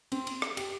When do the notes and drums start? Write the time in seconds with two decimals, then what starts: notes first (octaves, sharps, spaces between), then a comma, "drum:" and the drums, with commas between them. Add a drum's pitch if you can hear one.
0.12 C4, drum: cymbal
0.27 drum: cymbal
0.42 drum: rim click
0.57 G4, drum: cymbal